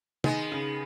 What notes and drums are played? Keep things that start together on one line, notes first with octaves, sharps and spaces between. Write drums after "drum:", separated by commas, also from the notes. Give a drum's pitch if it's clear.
D#3 G#3 B3, drum: tom
C#3